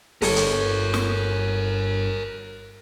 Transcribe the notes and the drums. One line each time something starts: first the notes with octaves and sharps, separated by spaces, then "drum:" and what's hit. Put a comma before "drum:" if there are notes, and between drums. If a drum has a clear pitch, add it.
G1 A4 A#4 C#5, drum: open hi-hat
drum: hi-hat
drum: snare